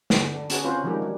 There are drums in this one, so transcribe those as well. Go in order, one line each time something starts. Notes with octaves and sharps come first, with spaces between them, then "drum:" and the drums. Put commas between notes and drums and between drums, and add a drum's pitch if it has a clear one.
drum: snare
D3 B3
D4
C#4 F#4 G#4 B4, drum: hi-hat
C4 C#4 F4 F#4 B4 C5
D#3 F3 G3 G#3 G4 A#4
F#3 G3